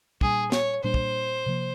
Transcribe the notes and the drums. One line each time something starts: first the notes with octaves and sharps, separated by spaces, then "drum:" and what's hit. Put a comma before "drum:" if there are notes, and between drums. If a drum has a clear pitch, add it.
A#2 G3 A#3 D4 G#4, drum: kick
C#5, drum: snare
A#2 G3 A#3 D4 C5
drum: kick
C3 F3 A#3